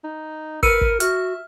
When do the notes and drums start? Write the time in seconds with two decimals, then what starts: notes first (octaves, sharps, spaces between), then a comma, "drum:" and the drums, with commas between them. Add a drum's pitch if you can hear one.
0.04 D#4
0.63 A#4 B4 E6 C#7 D#7, drum: kick
0.81 drum: kick
1.00 F#4 E5 F6, drum: hi-hat